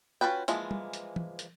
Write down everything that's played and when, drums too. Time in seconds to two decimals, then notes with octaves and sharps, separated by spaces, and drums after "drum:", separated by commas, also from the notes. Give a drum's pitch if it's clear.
0.21 C#4 F4 F#4 B4 G5
0.48 E3 F3 G#3 A#3, drum: hi-hat
0.71 drum: tom
0.93 drum: hi-hat
1.16 drum: tom
1.39 drum: hi-hat